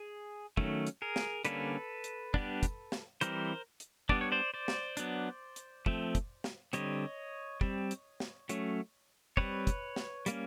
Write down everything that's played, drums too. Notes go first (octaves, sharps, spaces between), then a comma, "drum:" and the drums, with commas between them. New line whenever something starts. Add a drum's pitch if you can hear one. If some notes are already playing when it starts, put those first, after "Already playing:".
Already playing: G#4
D#3 F#3 A3 C#4, drum: kick
drum: hi-hat
G#4 A#4
drum: snare
D3 G3 A#3 C#4 A4 B4, drum: hi-hat
drum: hi-hat
G3 B3 D4, drum: kick
drum: kick, hi-hat
drum: snare
E3 G3 C4 A#4 C5, drum: hi-hat
drum: hi-hat
G3 B3 D4 D5, drum: kick
C#5
C5 D5
C5 D5
drum: snare
F#3 B3 D4, drum: hi-hat
drum: hi-hat
F3 A3 C4, drum: kick
drum: kick, hi-hat
drum: snare
D3 G3 C4 C#5 D#5, drum: hi-hat
G3 C4, drum: kick
drum: hi-hat
drum: snare
F#3 A3 C#4, drum: hi-hat
G3 C4 B4 C#5, drum: kick
drum: kick, hi-hat
drum: snare
G3 A#3 C#4, drum: hi-hat